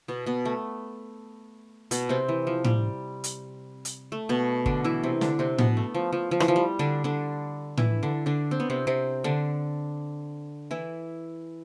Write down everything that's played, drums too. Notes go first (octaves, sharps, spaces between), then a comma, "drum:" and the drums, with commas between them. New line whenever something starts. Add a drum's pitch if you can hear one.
B2 B3
B2 B3
A3
B2 B3, drum: hi-hat
C3 C4
E3
F3
G3, drum: tom A2
drum: hi-hat
drum: hi-hat
A3
B2 B3
D3 D4, drum: kick
E3 E4
C3 C4
D3 D4, drum: snare
C3 C4
B2 B3, drum: tom A2
A3
F3
F3
F3
E3, drum: rim click
F3
G3
D3 D4
D3 D4
E3 E4, drum: tom A2
D3 D4
D3 D4
C4
B3
C3 C4
C3 C4
D3 D4
E3 E4